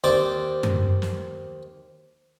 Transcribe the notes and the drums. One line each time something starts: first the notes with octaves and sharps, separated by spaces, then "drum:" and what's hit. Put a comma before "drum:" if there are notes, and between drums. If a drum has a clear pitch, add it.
D#2 C4 D5 D6
drum: tom F#2
drum: snare